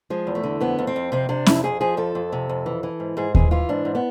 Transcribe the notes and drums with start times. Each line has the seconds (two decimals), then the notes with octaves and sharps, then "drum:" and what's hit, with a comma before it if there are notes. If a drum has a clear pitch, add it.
0.10 F3 G#3
0.27 E2
0.35 A3
0.43 D3
0.61 F2 B3
0.79 F2
0.87 C4
0.96 F2
1.12 C3 C4
1.29 C3 D4
1.46 F2 E4, drum: snare
1.64 F2 G#4
1.81 F3 G#4
1.97 F2 A4
2.15 F2
2.32 C3
2.49 F2
2.66 E3
2.83 E3
3.00 G#2
3.17 G#2 G#4
3.35 E3 G#4, drum: kick D#2
3.51 E3 F4
3.69 G#2 D4
3.85 G#2
3.95 B3